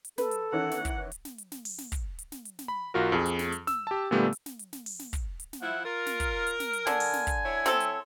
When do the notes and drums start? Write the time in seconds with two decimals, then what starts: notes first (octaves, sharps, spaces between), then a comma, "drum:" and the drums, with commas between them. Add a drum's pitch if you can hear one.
0.05 drum: hi-hat
0.18 A4 B4, drum: snare
0.31 drum: hi-hat
0.52 D#3 E3 C#4 F#5
0.71 drum: snare
0.85 drum: kick, hi-hat
1.12 drum: hi-hat
1.25 drum: snare
1.38 drum: hi-hat
1.52 drum: snare
1.65 drum: open hi-hat
1.78 drum: snare
1.92 drum: kick, hi-hat
2.19 drum: hi-hat
2.32 drum: snare
2.45 drum: hi-hat
2.59 drum: snare
2.68 B5
2.94 B1 F4 F#4 A#4
3.12 F2 G#4
3.26 drum: hi-hat
3.39 drum: snare
3.52 drum: hi-hat
3.67 E6, drum: snare
3.87 G4 A5
4.11 A#2 D3 G3 A3 B3 G4
4.33 drum: hi-hat
4.46 drum: snare
4.59 drum: hi-hat
4.73 drum: snare
4.86 drum: open hi-hat
4.99 drum: snare
5.13 drum: kick, hi-hat
5.40 drum: hi-hat
5.53 drum: snare
5.62 F3 E4 F#5
5.85 F4 A#4
6.06 drum: snare
6.20 drum: kick, hi-hat
6.47 drum: hi-hat
6.60 drum: snare
6.73 drum: hi-hat
6.87 D3 G#5, drum: snare
7.00 drum: open hi-hat
7.13 drum: snare
7.27 drum: kick, hi-hat
7.45 E4 C#5
7.66 C4 A4, drum: snare
7.80 drum: hi-hat